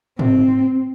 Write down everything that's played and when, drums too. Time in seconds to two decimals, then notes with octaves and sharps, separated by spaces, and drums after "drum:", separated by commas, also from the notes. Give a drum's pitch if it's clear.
0.19 C4, drum: tom